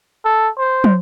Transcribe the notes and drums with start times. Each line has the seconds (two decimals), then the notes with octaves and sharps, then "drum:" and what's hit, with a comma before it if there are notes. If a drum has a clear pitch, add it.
0.25 A4
0.59 C5
0.84 drum: tom